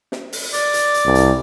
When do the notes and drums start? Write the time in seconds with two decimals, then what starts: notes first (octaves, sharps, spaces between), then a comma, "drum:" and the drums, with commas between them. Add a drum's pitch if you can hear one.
0.12 drum: snare
0.33 drum: open hi-hat
0.53 D5, drum: hi-hat
0.74 drum: hi-hat
0.94 drum: hi-hat
1.05 C2
1.15 drum: hi-hat